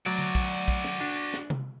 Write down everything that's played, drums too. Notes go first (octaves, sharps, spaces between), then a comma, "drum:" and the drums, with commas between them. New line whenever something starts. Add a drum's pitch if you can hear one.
F#3 F#4 D5
drum: tom D3
drum: kick
drum: kick
drum: snare
D4
drum: snare
drum: tom C3